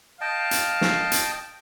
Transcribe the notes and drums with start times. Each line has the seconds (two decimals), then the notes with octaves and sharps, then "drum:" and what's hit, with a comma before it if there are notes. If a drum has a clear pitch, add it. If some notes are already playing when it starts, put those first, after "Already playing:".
0.21 D#5 F5 G5 A5
0.51 drum: hi-hat
0.81 drum: snare
1.12 drum: hi-hat